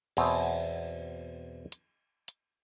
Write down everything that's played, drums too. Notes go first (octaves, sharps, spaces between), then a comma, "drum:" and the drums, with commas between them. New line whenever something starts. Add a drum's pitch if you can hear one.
E2 B2 C4, drum: cymbal
drum: hi-hat
drum: hi-hat